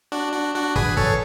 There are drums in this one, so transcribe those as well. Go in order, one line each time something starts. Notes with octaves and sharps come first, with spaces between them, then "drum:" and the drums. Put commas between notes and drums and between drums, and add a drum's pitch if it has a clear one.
D4 F#4
D4 F#4
D4 F#4
G#4 B4, drum: kick
A4 C#5, drum: kick